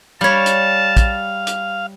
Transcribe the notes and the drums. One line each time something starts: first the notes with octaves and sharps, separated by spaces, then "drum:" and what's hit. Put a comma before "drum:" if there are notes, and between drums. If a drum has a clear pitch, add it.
G3 C#5 F5 A5
drum: hi-hat
drum: kick, hi-hat
drum: hi-hat